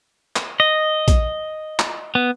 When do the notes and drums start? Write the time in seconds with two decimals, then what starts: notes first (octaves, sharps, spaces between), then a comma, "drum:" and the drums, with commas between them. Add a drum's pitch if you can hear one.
0.36 drum: clap
0.60 D#5
1.08 drum: kick, hi-hat
1.79 drum: clap
2.15 B3